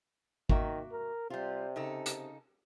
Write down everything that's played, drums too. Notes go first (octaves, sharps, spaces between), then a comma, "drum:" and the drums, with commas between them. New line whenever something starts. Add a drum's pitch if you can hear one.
D#3 A#3 F#4 E5, drum: kick G#1
A#4
C3 G3 F4
C#3 D#4 A4
drum: hi-hat